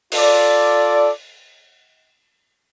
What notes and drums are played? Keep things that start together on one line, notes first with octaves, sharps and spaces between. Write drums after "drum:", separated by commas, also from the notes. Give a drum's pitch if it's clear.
F4 A4 D5, drum: open hi-hat